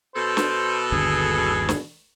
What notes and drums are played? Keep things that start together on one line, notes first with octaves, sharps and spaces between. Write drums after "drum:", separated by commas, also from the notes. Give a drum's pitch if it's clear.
B2 A4 C5
drum: snare
G1 D#2 D3 G#4
drum: snare